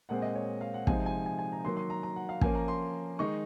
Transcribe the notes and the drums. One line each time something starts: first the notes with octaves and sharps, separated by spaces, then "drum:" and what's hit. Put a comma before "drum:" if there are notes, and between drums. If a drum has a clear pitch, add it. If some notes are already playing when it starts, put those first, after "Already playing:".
A#2 G#3 C4 F#5
D#5
C#5
F5
F#5
C3 F3 G#3 C4 D#4 G#5, drum: kick
G#5
G#5
G#5
A#5
D#3 F#3 A#3 C6
C6
A#5
A#5
F#5
F5
F3 A#3 C#4 G#5, drum: kick
A#5
C6
D#3 G#3 D#4 C#6